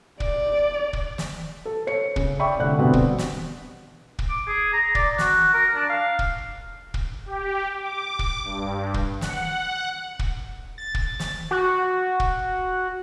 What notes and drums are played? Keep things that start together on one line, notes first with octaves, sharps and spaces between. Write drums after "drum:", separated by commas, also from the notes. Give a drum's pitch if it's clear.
D5, drum: kick
drum: kick
drum: snare
A4
C#5 C#7
C#3, drum: kick
D5 E5 G5 B5 C#6
F1 D3 F#6
B2 D3 G3 B3 C4
drum: kick
drum: snare
drum: kick
D6
G#4
A#5
D5, drum: kick
F#4, drum: snare
A#4
D4
F5
drum: kick
drum: kick
G4
D6
drum: kick
G2
drum: kick
F#5, drum: snare
drum: kick
A6
drum: kick
drum: snare
F#4
drum: kick